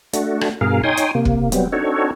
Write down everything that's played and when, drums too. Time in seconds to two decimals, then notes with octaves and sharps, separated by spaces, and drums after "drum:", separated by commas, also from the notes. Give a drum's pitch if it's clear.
0.13 A3 D4 F#4, drum: hi-hat
0.41 drum: rim click
0.61 G2 B2 G#4 A#4 F5
0.84 D#4 C#5 G5 G#5 C6 D#6
0.97 drum: hi-hat
1.15 C3 A#3
1.25 drum: kick
1.52 F#3 G3 B3 C4, drum: hi-hat
1.72 C4 D4 D#4 F#4 A4 C#5